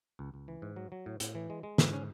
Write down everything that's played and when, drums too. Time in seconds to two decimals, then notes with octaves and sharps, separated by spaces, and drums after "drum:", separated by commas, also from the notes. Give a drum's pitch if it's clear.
0.19 C#2
0.34 C#2
0.48 E3
0.62 G#2
0.76 F#3
0.92 F#3
1.06 A2
1.20 A2, drum: hi-hat
1.35 E3
1.50 G#3
1.63 G#3
1.78 G#2, drum: snare
1.93 C#4